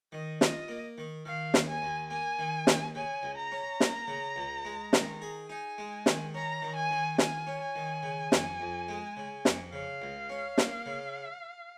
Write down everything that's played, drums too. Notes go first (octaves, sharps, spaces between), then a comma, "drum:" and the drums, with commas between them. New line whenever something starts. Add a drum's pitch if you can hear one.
D#3 D#5
F4 D#5, drum: snare
A#3
D#3
D#3 F5
D#2, drum: snare
G#5
D#2
A#3 G#5
D#3
D#2, drum: snare
C#3 G#5
C#2
A#5
C#4
A#3, drum: snare
C#3
C#2
G#3
D#3, drum: snare
G#4
D#4 G#5
G#3
D#3, drum: snare
C#4 A#5
D#3
G#5
D#3
F4 G#5, drum: snare
C#4
G#5
D#3
C#3
F2, drum: snare
F2
G#3
C#3
F2, drum: snare
C#3 F5
C#2
C#4
A#3, drum: snare
C#3